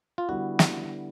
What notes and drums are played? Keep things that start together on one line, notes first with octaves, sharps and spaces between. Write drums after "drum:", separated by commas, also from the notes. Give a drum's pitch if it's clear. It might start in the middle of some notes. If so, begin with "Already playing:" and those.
F4
D3 G3 B3 E4 F#4
drum: snare